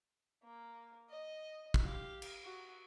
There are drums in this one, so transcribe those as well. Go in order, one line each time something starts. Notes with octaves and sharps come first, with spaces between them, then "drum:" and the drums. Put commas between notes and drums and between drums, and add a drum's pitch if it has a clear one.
A#3
D#5
drum: kick
G4 F5
drum: cymbal
F#4